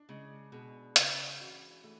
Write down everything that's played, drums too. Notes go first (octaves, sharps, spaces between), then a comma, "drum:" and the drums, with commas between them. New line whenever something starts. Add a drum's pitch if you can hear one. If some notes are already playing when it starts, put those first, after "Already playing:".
Already playing: D4
C#3 G#3
B2 G#4
C#3 C#4, drum: hi-hat
E3 F#4
E3 A3